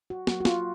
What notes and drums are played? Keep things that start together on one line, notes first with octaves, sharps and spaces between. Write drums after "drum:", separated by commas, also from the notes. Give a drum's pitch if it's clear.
F#4
F#3 A#3 F#4, drum: snare
F#4
F4, drum: snare